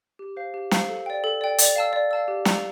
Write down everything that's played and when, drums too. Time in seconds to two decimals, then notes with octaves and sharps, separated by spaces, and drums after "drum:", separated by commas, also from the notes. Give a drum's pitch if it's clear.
0.19 G4
0.37 C5 F5
0.54 G4
0.71 C5 F5, drum: snare
0.89 A4
1.06 D5 G5
1.24 A4
1.41 D5 G5
1.58 D5, drum: hi-hat
1.76 F5 A5 E6
1.93 D5
2.11 F5 A5 E6
2.28 G4
2.45 D5 F5 A#5 E6, drum: snare